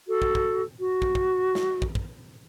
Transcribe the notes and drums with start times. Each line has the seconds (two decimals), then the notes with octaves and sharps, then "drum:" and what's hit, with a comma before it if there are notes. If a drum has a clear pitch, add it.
0.08 F#4 A4
0.22 drum: kick
0.35 drum: kick
0.79 F#4
1.02 drum: kick
1.15 drum: kick
1.55 drum: snare
1.82 drum: kick
1.95 drum: kick